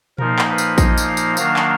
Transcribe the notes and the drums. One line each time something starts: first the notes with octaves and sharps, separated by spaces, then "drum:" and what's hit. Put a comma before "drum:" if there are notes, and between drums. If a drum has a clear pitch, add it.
A#2 F3 A#3 D#4 A#4, drum: tom A#2
drum: clap
B4
drum: tambourine
D#5, drum: kick, tambourine
drum: tambourine
F5
drum: tambourine
D#3 F#3 A#3 D4 F5, drum: tambourine
drum: clap